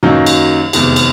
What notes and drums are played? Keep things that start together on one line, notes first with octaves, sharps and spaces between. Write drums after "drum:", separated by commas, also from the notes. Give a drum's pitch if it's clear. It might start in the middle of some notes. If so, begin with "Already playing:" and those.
F#2 D#3 F#3 A#3 D#4, drum: tom
drum: cymbal
F1 E2 C3 D#3 G#3, drum: cymbal
drum: cymbal